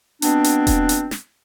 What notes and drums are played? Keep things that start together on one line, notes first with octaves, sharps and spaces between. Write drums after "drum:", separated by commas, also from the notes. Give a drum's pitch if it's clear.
B2 B3 C4 D4, drum: hi-hat
drum: hi-hat
drum: kick E1, hi-hat
drum: hi-hat
drum: snare